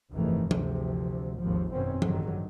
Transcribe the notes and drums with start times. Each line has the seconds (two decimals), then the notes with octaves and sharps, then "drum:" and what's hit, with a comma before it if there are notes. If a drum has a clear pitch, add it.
0.13 F1 C#2 G2 D#3 E3 A3
0.51 G1 D2 C3 E3 F3, drum: tom F3
1.38 G#1 D#2 G#2 F3
1.72 F#2 B2 D#3 C4 C#4
2.02 A1 G2 D3 D#3 F#3, drum: tom F3